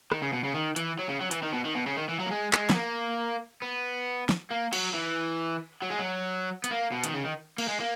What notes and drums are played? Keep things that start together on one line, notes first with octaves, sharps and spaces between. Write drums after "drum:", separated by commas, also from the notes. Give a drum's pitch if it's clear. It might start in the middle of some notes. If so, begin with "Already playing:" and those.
D#3, drum: rim click
C#3
B2
C#3
D#3
E3, drum: hi-hat
F#3
C#3
F#3
E3, drum: hi-hat
D#3
B2
D#3
B2
C#3
D#3
E3
F#3
A#3
G#3
G#3, drum: clap
B3, drum: snare
A#3
B3
drum: snare
A#3
F#3, drum: cymbal
E3
F#3
G#3
F#3
B3, drum: hi-hat
A#3
B2
D#3, drum: hi-hat
C#3
D#3
A#3, drum: cymbal
G#3
A#3